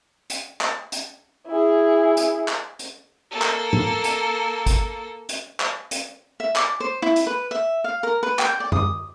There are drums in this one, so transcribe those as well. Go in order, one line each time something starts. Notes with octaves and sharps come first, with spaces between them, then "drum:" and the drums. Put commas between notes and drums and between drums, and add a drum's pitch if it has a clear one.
drum: hi-hat
drum: clap
drum: hi-hat
E4 G#4
drum: hi-hat
drum: clap
drum: hi-hat
A#3 A4
drum: clap
drum: tom G#2
drum: hi-hat
drum: kick, hi-hat
drum: hi-hat
drum: clap
drum: hi-hat
E5
D6, drum: clap
C5
E4
drum: hi-hat
B4
E5
F5
A#4
B4
G5, drum: clap
D5
D#6, drum: tom F#2